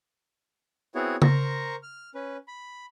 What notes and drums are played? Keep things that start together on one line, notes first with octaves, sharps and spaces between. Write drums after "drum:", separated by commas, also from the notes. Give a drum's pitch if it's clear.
B3 C4 E4 F#4 G#4 C#5
A#4 C5 A#5 C#6, drum: tom C#3
F6
C#4 B4
B5